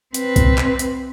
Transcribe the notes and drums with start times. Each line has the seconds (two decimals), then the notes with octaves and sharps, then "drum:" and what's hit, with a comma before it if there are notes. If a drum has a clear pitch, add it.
0.14 C4 B4, drum: hi-hat
0.36 drum: kick B1, hi-hat
0.58 drum: clap
0.79 drum: hi-hat